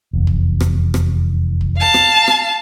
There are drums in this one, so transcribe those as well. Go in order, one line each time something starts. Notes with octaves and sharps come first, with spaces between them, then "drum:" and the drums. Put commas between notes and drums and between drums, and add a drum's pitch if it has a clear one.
F1 E2
drum: kick
drum: rim click
drum: rim click
drum: kick
F5 A5
drum: rim click
drum: rim click